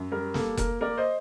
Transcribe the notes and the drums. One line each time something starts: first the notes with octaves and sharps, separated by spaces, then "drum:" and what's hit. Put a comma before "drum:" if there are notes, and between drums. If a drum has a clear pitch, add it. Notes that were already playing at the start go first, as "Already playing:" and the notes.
Already playing: F#2
G3 A#4
A#3 A4, drum: snare
A#3 A#4, drum: kick F1, hi-hat
A#3 A#4 D5
C5 D#5